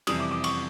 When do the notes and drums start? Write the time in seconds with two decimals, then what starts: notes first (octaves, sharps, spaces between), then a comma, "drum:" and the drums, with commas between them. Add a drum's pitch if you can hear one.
0.07 F2 C3 E3 G3 D#6, drum: cymbal
0.20 D6
0.31 D6
0.44 C#6, drum: cymbal